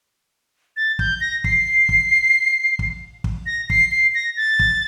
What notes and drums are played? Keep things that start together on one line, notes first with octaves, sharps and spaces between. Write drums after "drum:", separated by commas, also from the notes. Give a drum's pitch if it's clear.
A6
G6, drum: kick
A#6
C7, drum: kick
drum: kick
drum: kick
drum: kick
A#6
C7, drum: kick
C7
A#6
A6
drum: kick